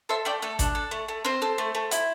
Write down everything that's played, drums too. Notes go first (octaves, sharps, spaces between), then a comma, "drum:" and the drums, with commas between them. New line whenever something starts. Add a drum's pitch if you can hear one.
A4 C5 E5
A3 D5 G5
A3 A4
D4, drum: kick G#1, hi-hat
A4
A3
A3
C4 C5
A4
A3
A3
E4, drum: hi-hat